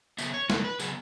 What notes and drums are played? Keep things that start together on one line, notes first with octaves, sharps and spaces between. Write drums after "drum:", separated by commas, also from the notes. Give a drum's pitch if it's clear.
C#3 F#3 B3 E5, drum: tambourine
C#5
C#3 F#3 B3, drum: snare
B4
C#3 F#3 B3 G#4, drum: tambourine